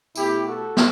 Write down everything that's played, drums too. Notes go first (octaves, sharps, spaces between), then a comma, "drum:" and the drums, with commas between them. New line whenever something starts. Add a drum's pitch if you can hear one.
B2 A3 E4 G4, drum: tambourine
F#4 A4
drum: snare